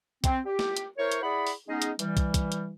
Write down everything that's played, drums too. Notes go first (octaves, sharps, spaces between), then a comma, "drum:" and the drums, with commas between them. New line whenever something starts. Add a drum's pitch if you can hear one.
C4, drum: kick, hi-hat
G4
drum: snare
drum: hi-hat
E4 A#4 C5 C#5
drum: hi-hat
E4 G#4 D5 F#5 B5
drum: open hi-hat
G#3 B3 C#4 D#4 G#4 D#5
drum: hi-hat
E3 G3, drum: hi-hat
drum: kick, hi-hat
drum: kick, hi-hat
drum: hi-hat